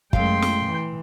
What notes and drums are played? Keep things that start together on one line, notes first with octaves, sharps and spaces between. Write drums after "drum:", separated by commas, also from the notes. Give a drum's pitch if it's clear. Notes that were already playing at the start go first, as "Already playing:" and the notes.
F#2 G#3 A3 F5 G5 C6, drum: kick
drum: snare
E3